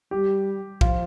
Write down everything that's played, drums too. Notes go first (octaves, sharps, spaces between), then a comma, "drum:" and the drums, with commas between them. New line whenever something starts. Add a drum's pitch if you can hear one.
G3 G4
F3 F4, drum: kick